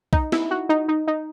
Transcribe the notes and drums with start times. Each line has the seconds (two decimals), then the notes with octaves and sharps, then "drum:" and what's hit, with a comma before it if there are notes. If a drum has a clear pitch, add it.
0.13 D#4, drum: kick B1
0.32 E4, drum: snare
0.51 F#4
0.69 D#4
0.88 D#4
1.07 D#4